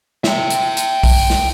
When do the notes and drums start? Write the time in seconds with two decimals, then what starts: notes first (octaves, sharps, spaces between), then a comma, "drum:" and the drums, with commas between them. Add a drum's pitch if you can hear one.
0.24 E5 G5, drum: snare
0.50 drum: hi-hat
0.77 drum: hi-hat
1.04 drum: kick B1, open hi-hat
1.30 drum: snare